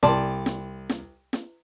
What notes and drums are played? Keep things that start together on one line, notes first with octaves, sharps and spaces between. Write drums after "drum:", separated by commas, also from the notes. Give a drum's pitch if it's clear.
C2 D5 A5 C6, drum: snare
drum: snare
drum: snare
drum: snare